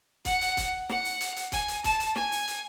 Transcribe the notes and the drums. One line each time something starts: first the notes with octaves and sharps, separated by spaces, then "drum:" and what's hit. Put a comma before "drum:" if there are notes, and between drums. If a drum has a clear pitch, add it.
F#5, drum: kick, hi-hat
drum: hi-hat
drum: kick, hi-hat
F#5, drum: snare
drum: open hi-hat
drum: hi-hat
drum: hi-hat
G#5, drum: kick, hi-hat
drum: hi-hat
A5, drum: kick, hi-hat
drum: hi-hat
G#5, drum: snare
drum: open hi-hat
drum: hi-hat